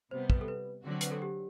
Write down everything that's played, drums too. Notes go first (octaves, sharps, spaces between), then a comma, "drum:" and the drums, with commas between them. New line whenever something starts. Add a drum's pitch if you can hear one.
C3 G3 B3 C5
B4, drum: kick
A4
B4
D3 F#3 C4 F#4
B4, drum: hi-hat
A4
G4